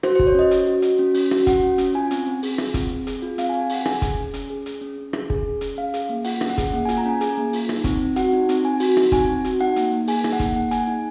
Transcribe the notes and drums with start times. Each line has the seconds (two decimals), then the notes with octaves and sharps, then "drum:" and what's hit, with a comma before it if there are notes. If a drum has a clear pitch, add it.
0.03 F#4 C5, drum: rim click
0.15 C5
0.19 F#4, drum: kick
0.27 C#5
0.35 C#4 D#5
0.51 C#4, drum: hi-hat
0.67 F#4
0.82 F#4, drum: hi-hat
0.99 C#4
1.15 C#4, drum: open hi-hat
1.31 F#4, drum: rim click
1.47 F#4 F#5, drum: kick, hi-hat
1.63 C#4
1.78 C#4, drum: hi-hat
1.95 F4 G#5
2.11 C4, drum: hi-hat
2.27 C4
2.43 G#4, drum: open hi-hat
2.58 F4, drum: rim click
2.74 C4, drum: kick, hi-hat
2.91 C4
3.07 G#4, drum: hi-hat
3.22 F4
3.38 C4 F5, drum: hi-hat
3.49 G#5
3.55 C4
3.61 G#5
3.70 G#4 F#5, drum: open hi-hat
3.86 G#4 G#5, drum: rim click
4.02 G#4, drum: kick, hi-hat
4.17 C#4
4.34 C#4, drum: hi-hat
4.50 G#4
4.66 G#4, drum: hi-hat
4.81 C#4
4.98 C#4
5.13 G#4, drum: rim click
5.30 G#4, drum: kick
5.46 C#4
5.61 C#4, drum: hi-hat
5.77 C#4 F5
5.94 G#4, drum: hi-hat
6.09 A#3
6.25 F4 F#5, drum: open hi-hat
6.41 C#4, drum: rim click
6.50 F#5
6.58 G#4, drum: kick, hi-hat
6.73 A#3 F#5
6.85 G#5
6.89 F4, drum: hi-hat
6.98 A#5
7.06 C#4 G#5
7.21 G#4 G#5, drum: hi-hat
7.37 A#3
7.53 F4, drum: open hi-hat
7.69 D#4, drum: rim click
7.84 C4, drum: kick, hi-hat
8.01 C4
8.16 F#4 F#5, drum: hi-hat
8.33 D#4
8.49 C4, drum: hi-hat
8.64 C4 G#5
8.80 F#4, drum: open hi-hat
8.97 D#4, drum: rim click
9.12 C4 G#5, drum: kick, hi-hat
9.29 C4
9.45 F#4, drum: hi-hat
9.61 D#4 F#5
9.76 A#3, drum: hi-hat
9.93 A#3
10.08 G#4 G#5, drum: open hi-hat
10.24 D#4, drum: rim click
10.33 F#5
10.40 A#3, drum: kick, hi-hat
10.56 A#3 F#5
10.71 G#4 G#5, drum: hi-hat
10.87 D#4 G#5